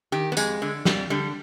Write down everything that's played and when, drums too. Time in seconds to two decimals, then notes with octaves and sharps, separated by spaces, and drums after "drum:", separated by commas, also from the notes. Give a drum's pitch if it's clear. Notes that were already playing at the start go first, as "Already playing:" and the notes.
0.12 D#3 G4
0.32 B3
0.37 F2 G#3, drum: tambourine
0.62 D3
0.85 F2 G3, drum: snare
1.10 D3 G3